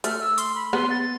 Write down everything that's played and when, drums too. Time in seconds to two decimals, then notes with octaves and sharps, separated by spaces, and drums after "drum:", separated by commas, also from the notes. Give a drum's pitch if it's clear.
0.04 A3 F6, drum: hi-hat
0.21 E6
0.38 C6, drum: hi-hat
0.55 B5
0.73 B3 C6, drum: rim click
0.90 A6